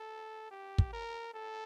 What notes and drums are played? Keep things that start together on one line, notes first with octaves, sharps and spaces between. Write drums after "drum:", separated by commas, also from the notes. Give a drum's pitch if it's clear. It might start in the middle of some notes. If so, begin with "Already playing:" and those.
Already playing: A4
G4
drum: kick
A#4
A4